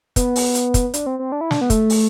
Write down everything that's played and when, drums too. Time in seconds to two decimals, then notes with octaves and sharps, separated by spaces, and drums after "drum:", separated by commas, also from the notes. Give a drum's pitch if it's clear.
0.16 B3, drum: kick, hi-hat
0.36 drum: open hi-hat
0.55 drum: hi-hat
0.74 drum: kick, hi-hat
0.94 D4, drum: hi-hat
1.06 C4
1.19 C4
1.32 D4
1.41 E4
1.51 D4, drum: snare
1.61 B3
1.70 A3, drum: kick, hi-hat
1.90 drum: open hi-hat